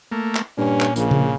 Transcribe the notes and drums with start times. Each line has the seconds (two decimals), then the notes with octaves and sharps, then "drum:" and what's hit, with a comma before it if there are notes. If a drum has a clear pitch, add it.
0.12 A3 A#3
0.35 drum: clap
0.58 G2 A#2 C#4
0.81 drum: clap
0.96 A#1 C#3, drum: hi-hat
1.11 drum: tom C#3